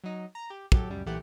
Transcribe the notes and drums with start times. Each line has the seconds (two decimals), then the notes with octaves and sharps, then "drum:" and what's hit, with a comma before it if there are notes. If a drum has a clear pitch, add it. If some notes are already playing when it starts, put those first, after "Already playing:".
0.04 F#3 D#4
0.35 A#5
0.50 G4
0.72 F#3 G4 A4, drum: kick
0.90 C#2 F#2 G3
1.06 B1 A#2 E3 A3 G4 F#5